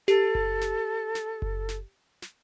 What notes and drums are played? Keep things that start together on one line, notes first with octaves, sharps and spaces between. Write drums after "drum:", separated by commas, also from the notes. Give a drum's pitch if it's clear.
G4 A4, drum: snare
drum: kick F#1
drum: snare
drum: snare
drum: kick F#1
drum: snare
drum: snare